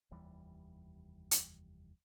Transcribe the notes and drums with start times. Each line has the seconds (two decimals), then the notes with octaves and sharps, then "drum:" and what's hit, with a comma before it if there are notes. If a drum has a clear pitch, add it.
0.11 F1 D#2 E3 G3
1.31 drum: hi-hat